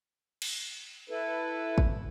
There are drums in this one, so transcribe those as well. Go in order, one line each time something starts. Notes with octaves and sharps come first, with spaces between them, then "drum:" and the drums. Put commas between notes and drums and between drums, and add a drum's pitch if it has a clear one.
drum: cymbal
E4 A4 B4
drum: kick